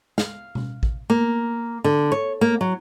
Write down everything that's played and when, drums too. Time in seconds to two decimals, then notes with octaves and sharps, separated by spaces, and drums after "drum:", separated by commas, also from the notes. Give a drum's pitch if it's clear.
0.18 F5, drum: snare
0.55 drum: tom B2
0.83 drum: kick A1
1.10 A#3
1.84 D3
2.12 C#5
2.41 A#3
2.61 F#3